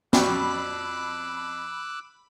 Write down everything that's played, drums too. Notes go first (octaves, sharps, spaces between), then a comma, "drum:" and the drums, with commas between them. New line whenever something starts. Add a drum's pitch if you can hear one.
F2 F#4 G4 D5 B5 D6 E6 F#6, drum: snare